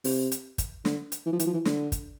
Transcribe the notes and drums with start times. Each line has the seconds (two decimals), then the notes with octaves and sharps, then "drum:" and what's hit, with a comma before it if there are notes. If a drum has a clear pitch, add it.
0.04 C3, drum: open hi-hat
0.31 drum: hi-hat
0.58 drum: kick, hi-hat
0.85 D3, drum: snare
1.12 drum: hi-hat
1.26 E3
1.32 F3
1.39 E3, drum: hi-hat
1.46 F3
1.53 E3
1.65 D3, drum: snare
1.92 drum: kick, hi-hat